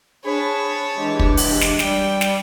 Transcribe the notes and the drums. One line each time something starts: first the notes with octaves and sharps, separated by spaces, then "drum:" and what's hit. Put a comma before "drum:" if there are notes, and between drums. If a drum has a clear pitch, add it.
D4 G#4 C#5 A5 B5
E3 G#3 D4 G4
drum: kick
drum: open hi-hat
drum: snare
G3 G5, drum: snare
drum: snare